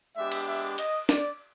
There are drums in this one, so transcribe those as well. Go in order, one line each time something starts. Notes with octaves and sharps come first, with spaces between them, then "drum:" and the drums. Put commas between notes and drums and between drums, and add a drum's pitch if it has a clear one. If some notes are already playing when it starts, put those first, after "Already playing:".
G#3 B3 D4 G4 E5
drum: cymbal
E5
D#5, drum: hi-hat
D5, drum: snare